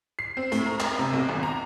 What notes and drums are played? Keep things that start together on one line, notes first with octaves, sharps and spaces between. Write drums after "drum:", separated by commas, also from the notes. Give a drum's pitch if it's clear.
C7
C4
A2, drum: hi-hat
A#5
A#5, drum: clap
C3
B1
G#1
A#5